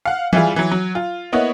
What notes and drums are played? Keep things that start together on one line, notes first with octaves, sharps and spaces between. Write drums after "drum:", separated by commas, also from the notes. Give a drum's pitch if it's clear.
F5 F#5
E3 G3 E4 F4 G#4, drum: tom E3
E3 F#3
F#3
F4
A#3 B3 E4 C#5 D#5 F#5